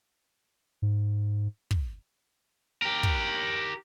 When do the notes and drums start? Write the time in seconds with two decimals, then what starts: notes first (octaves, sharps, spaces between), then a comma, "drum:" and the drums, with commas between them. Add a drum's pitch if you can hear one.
0.82 G#2
1.71 drum: kick
2.82 G4 A#4
3.03 drum: kick